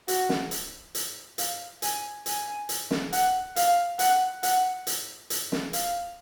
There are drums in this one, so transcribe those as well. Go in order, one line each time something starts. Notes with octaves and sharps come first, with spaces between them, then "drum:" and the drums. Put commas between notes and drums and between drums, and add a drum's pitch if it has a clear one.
F#4, drum: hi-hat
drum: snare
drum: hi-hat
drum: hi-hat
F5, drum: hi-hat
G#5, drum: hi-hat
G#5, drum: hi-hat
drum: hi-hat
drum: snare
F#5, drum: hi-hat
F5, drum: hi-hat
F#5, drum: hi-hat
F#5, drum: hi-hat
drum: hi-hat
drum: hi-hat
drum: snare
F5, drum: hi-hat